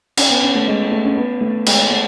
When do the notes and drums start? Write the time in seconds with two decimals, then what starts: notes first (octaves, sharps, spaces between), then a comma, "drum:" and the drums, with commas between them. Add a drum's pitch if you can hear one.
0.17 C#4, drum: cymbal
0.29 B3
0.43 C#4
0.55 A3
0.67 G#3
0.91 A3
1.05 C#4
1.17 B3
1.41 A3
1.66 G#3, drum: cymbal
1.90 A3